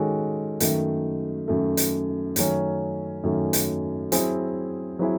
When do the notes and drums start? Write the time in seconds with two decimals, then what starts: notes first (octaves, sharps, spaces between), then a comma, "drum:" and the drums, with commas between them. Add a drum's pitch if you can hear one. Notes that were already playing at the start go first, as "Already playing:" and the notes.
Already playing: D#3 G#3 C#4 F#4 A4
0.60 F#2 D#3 A3, drum: hi-hat
1.48 F#2 D#3 A3
1.77 drum: hi-hat
2.36 F#2 D#3 F#3 A3 C#4, drum: hi-hat
3.24 F#2 D#3 F#3 A3 C#4
3.53 drum: hi-hat
4.12 F#3 C4 E4 G#4, drum: hi-hat
4.99 F#3 C4 E4 G#4